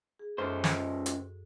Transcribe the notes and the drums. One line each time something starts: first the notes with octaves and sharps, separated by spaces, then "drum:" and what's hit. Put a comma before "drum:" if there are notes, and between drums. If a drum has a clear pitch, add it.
G#4
C#2 F#2 A4 C5 F6
drum: snare
F#4, drum: hi-hat